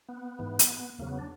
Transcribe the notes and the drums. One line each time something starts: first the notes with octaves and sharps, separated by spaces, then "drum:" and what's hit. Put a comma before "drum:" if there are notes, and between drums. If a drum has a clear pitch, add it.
B3
G#2 E3
drum: hi-hat
E2 C#3 F#3 A#3
B3
D4